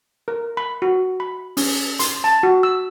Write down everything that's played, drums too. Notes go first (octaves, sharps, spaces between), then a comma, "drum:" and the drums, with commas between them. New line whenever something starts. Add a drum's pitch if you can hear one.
A#4
B5
F#4
B5
C#4, drum: open hi-hat
C6, drum: hi-hat
A5
F#4
E6